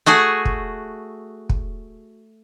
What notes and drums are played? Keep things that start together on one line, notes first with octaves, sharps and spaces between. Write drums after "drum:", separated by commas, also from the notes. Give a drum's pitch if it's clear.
A3 F#4 G#4 G#5
drum: kick
drum: kick